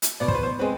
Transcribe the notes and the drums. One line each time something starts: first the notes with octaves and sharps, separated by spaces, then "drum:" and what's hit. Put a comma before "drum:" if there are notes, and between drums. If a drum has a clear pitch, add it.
drum: hi-hat
B2 D5
C5, drum: kick
B4
C5
G#3 C4 B4